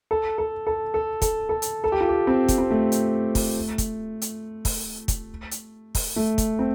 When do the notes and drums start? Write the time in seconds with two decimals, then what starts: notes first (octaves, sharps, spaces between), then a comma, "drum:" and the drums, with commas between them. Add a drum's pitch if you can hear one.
0.11 A4
0.38 A4
0.67 A4
0.94 A4
1.22 A4, drum: kick, hi-hat
1.49 A4
1.62 drum: hi-hat
1.84 A4
1.92 G4
2.01 F4
2.09 G4
2.27 C4
2.48 drum: kick, hi-hat
2.58 C4
2.71 A3
2.92 drum: hi-hat
3.35 drum: kick, open hi-hat
3.78 drum: kick, hi-hat
4.22 drum: hi-hat
4.65 drum: kick, open hi-hat
5.08 drum: kick, hi-hat
5.51 drum: hi-hat
5.95 drum: kick, open hi-hat
6.16 A3
6.38 drum: kick, hi-hat
6.59 C4